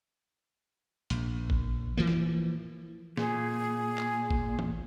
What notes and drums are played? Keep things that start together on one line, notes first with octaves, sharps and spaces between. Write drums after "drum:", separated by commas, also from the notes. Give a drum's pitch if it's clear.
A#1, drum: hi-hat
drum: kick G#1
E3 F3 A#3
drum: snare
A#2 G#4, drum: snare
drum: clap
drum: kick G#1
drum: tom E3